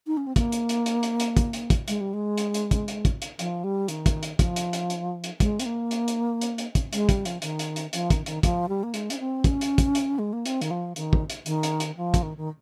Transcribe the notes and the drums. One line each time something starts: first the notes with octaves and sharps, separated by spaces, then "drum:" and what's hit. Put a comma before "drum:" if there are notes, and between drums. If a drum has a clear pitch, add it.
D#4
C#4
C4
A#3, drum: kick, hi-hat
drum: hi-hat
drum: hi-hat
drum: hi-hat
drum: hi-hat
drum: hi-hat
drum: kick, hi-hat
drum: hi-hat
drum: kick, hi-hat
G#3, drum: hi-hat
G3
G#3
drum: hi-hat
drum: hi-hat
drum: kick, hi-hat
drum: hi-hat
drum: kick, hi-hat
drum: hi-hat
F3, drum: hi-hat
G3
D#3, drum: hi-hat
drum: kick, hi-hat
drum: hi-hat
F3, drum: kick, hi-hat
drum: hi-hat
drum: hi-hat
drum: hi-hat
drum: hi-hat
G#3, drum: kick, hi-hat
C4, drum: hi-hat
A#3
drum: hi-hat
drum: hi-hat
drum: hi-hat
drum: hi-hat
drum: kick, hi-hat
G#3, drum: hi-hat
G3, drum: kick, hi-hat
F3, drum: hi-hat
D#3, drum: hi-hat
drum: hi-hat
drum: hi-hat
F3, drum: hi-hat
D#3, drum: kick, hi-hat
D#3, drum: hi-hat
F3, drum: kick, hi-hat
G3
A#3
G#3, drum: hi-hat
C#4, drum: hi-hat
C4
C#4, drum: kick, hi-hat
drum: hi-hat
drum: kick, hi-hat
drum: hi-hat
G#3
A#3
C4, drum: hi-hat
D#3, drum: hi-hat
F3
D#3, drum: hi-hat
drum: kick
drum: hi-hat
D#3, drum: hi-hat
drum: hi-hat
drum: hi-hat
F3
drum: kick, hi-hat
D#3
D#3